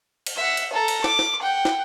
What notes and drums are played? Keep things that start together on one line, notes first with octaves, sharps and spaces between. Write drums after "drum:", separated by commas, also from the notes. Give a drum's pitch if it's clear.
drum: cymbal
E5 F#5
drum: cymbal
A4 A#5
drum: cymbal
D6, drum: snare
drum: snare
F#5 G5
drum: snare